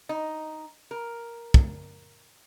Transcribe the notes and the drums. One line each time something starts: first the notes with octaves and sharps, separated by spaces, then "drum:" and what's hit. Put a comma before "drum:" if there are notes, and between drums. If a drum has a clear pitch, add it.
D#4
A#4
drum: kick